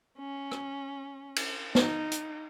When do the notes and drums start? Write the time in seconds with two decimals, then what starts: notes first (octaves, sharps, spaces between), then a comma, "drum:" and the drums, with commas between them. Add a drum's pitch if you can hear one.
0.19 C#4
0.52 drum: rim click
1.36 drum: cymbal
1.75 D#4, drum: snare
2.12 drum: hi-hat